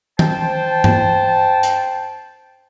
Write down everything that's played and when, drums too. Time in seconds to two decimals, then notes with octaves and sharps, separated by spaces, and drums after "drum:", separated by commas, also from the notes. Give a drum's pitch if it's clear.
0.19 C5 G5 A5, drum: tom D#3
0.84 drum: tom G2
1.63 drum: hi-hat